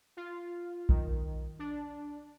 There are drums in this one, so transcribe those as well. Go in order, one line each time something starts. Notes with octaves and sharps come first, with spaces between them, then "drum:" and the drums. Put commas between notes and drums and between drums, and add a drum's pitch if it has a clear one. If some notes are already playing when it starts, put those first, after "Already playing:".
F4
D#3, drum: kick A#1
D4